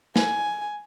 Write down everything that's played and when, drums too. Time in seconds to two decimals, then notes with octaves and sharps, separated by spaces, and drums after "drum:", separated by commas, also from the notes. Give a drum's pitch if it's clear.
0.16 G#5, drum: snare